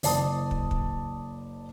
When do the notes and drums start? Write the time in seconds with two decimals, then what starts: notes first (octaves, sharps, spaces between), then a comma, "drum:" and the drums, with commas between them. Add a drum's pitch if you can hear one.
0.03 F#1 D5 A5 D#6, drum: open hi-hat
0.51 drum: kick
0.71 drum: kick